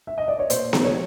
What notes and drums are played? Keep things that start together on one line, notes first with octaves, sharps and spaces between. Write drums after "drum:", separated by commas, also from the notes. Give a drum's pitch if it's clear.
E5
D#5
D5
C#5
A#2 C5, drum: hi-hat
drum: snare B3
F3 G#3 C#5